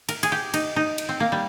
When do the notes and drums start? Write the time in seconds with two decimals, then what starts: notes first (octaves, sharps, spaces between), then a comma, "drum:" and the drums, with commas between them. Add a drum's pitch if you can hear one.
0.09 A#4, drum: cymbal
0.23 G#4, drum: cymbal
0.32 G4
0.54 D#4, drum: cymbal
0.76 D#4
0.98 drum: cymbal
1.09 C4
1.20 A#3
1.32 G3